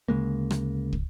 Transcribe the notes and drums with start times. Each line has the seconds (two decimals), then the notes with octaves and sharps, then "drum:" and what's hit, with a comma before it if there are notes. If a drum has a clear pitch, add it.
0.08 D2 C#3 G#3 A#3
0.51 drum: rim click
0.93 drum: kick